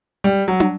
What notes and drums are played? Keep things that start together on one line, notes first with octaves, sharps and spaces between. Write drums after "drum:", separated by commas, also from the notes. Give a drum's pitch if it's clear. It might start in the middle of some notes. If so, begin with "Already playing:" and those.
G3
F#3
drum: tom